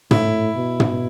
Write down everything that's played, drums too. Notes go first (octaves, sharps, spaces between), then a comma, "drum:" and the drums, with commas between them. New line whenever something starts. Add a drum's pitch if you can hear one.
A2 E4, drum: tom
B2
drum: tom